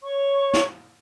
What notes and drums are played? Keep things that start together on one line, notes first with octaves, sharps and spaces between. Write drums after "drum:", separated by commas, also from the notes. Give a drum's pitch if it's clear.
C#5 C#6
drum: snare